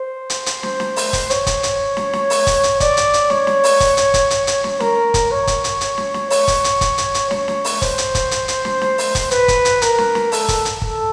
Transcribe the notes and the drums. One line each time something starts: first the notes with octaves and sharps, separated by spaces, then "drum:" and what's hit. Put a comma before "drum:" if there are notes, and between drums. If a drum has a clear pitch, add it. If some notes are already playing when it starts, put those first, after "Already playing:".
Already playing: C5
drum: hi-hat
drum: hi-hat
drum: snare
drum: snare
drum: open hi-hat
drum: kick, hi-hat
C#5, drum: hi-hat
drum: kick, hi-hat
drum: hi-hat
drum: snare
drum: snare
drum: open hi-hat
drum: kick, hi-hat
drum: hi-hat
D5, drum: kick, hi-hat
drum: hi-hat
drum: hi-hat
C#5, drum: snare
drum: snare
drum: open hi-hat
drum: kick, hi-hat
drum: hi-hat
drum: kick, hi-hat
drum: hi-hat
drum: hi-hat
drum: snare
A#4, drum: snare
drum: kick, hi-hat
C#5
drum: kick, hi-hat
drum: hi-hat
drum: hi-hat
drum: snare
drum: snare
C#5, drum: open hi-hat
drum: kick, hi-hat
drum: hi-hat
drum: kick, hi-hat
drum: hi-hat
drum: hi-hat
C#5, drum: snare
drum: snare
drum: open hi-hat
C5, drum: kick, hi-hat
drum: hi-hat
drum: kick, hi-hat
drum: hi-hat
drum: hi-hat
drum: snare
drum: snare
drum: open hi-hat
drum: kick, hi-hat
B4, drum: hi-hat
drum: kick, hi-hat
drum: hi-hat
A#4, drum: hi-hat
drum: snare
drum: snare
A4, drum: open hi-hat
drum: kick, hi-hat
drum: hi-hat
A4, drum: kick